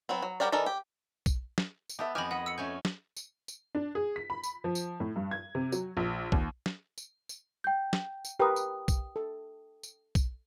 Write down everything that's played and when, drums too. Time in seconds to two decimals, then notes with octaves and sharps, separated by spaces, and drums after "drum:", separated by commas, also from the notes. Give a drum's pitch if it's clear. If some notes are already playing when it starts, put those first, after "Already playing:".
0.09 F#3 B3 C4
0.22 F#3
0.40 G3 F#4 G4 A#4 D5
0.52 E3 D#4 A4 A#4 D5
0.66 G4
1.26 drum: kick B1, tambourine
1.58 drum: snare
1.90 drum: tambourine
1.99 B3 G4 A4 E5
2.15 F2 C#4 D#4 G4 G#5 B5 F6
2.31 D#3 D#5 F#5 B5
2.46 B5 E6 C#7
2.58 A3 C#4 G#5 G6
2.85 drum: snare
3.17 drum: tambourine
3.48 drum: tambourine
3.75 D4
3.95 G#4
4.16 B6
4.30 B5
4.44 drum: tambourine
4.64 F3
4.75 drum: tambourine
5.00 A2
5.16 G2
5.31 G#6
5.55 C3
5.72 F#3, drum: tambourine
5.97 A#1
6.32 D#2, drum: kick B1
6.66 drum: snare
6.98 drum: tambourine
7.29 drum: tambourine
7.64 G5 G6
7.93 drum: snare
8.25 drum: tambourine
8.40 G4 A#4 B4 G5 D#6
8.56 drum: tambourine
8.88 drum: kick B1, tambourine
9.16 A4
9.83 drum: tambourine
10.15 drum: kick B1, tambourine